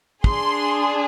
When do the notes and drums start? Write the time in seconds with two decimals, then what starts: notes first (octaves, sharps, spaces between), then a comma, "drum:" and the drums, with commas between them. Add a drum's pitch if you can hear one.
0.24 D4 G#4 C6, drum: kick